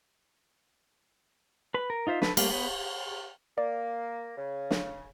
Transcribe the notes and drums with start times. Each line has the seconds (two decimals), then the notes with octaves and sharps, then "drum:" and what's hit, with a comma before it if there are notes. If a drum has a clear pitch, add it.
1.74 B4 B5
1.90 A#4
2.07 D#4 F4 C5 E5
2.22 A4 B4, drum: snare
2.37 G3 A3 A#3 F5, drum: cymbal
2.51 B3
3.58 A#3 D5
4.37 C#3
4.71 drum: snare